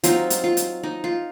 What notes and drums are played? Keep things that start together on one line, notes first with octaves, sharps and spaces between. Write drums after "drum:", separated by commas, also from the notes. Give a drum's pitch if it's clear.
F#3 C4 D#4 F4, drum: hi-hat
drum: hi-hat
F4
drum: hi-hat
D#4
F4